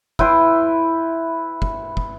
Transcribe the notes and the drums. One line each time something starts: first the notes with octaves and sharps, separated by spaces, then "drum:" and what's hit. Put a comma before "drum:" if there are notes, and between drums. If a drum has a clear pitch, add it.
E4 B4 G5 C6, drum: kick
drum: kick
drum: kick